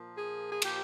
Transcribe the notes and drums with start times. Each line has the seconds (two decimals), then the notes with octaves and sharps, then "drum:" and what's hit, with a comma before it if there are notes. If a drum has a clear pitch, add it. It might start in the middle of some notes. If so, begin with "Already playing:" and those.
Already playing: A#2 F3 A#3
0.18 G#4
0.52 G#4
0.62 A#2 F3 A#3 G4, drum: cymbal